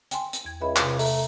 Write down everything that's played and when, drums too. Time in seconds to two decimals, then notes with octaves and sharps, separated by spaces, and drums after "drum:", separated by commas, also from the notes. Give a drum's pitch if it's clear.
0.11 G5 G#5 C6, drum: hi-hat
0.33 drum: hi-hat
0.45 E2 G#6
0.61 C#2 D#5 E5 B5
0.76 C3 F5, drum: clap
0.99 A3 A#5, drum: open hi-hat